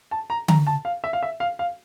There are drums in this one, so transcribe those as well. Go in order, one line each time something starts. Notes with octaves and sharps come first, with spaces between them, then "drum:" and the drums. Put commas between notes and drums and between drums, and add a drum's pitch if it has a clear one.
A5
A#5
A#5, drum: tom D3
A5
F5
E5
F5
E5
F5
F5